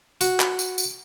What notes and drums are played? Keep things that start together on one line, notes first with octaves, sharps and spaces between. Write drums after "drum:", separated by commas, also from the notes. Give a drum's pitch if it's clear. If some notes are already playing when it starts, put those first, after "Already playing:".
F#4, drum: tambourine
drum: clap
drum: tambourine
drum: tambourine